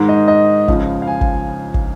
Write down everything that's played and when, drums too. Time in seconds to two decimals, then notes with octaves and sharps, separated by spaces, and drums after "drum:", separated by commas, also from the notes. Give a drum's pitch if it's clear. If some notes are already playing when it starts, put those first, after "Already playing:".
Already playing: G#2 D#3 G#3
0.09 D#5
0.28 D#5
0.68 C#2 C#3 F3, drum: kick
1.02 F5
1.08 G#5
1.21 drum: kick
1.74 drum: kick